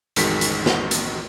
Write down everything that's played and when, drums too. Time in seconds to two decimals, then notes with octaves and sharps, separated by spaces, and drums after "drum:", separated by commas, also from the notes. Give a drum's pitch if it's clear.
0.16 A1 F2 D#3 G#3 F#4 B6, drum: hi-hat
0.41 drum: hi-hat
0.66 drum: snare
0.91 drum: hi-hat